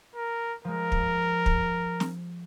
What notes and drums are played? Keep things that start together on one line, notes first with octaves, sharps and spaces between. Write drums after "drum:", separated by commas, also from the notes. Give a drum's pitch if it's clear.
A#4
F3 G#3 A#4
drum: kick
drum: kick
drum: snare